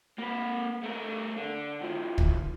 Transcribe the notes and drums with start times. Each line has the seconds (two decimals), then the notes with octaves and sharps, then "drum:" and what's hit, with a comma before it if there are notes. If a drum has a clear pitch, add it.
0.18 A#3 B4
0.83 A3 A#4
1.37 D3
1.81 D#3 F3
2.18 drum: kick